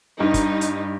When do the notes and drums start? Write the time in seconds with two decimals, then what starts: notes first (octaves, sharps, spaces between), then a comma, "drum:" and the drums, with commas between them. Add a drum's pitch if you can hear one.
0.20 G2 D#4
0.34 drum: kick, hi-hat
0.61 drum: hi-hat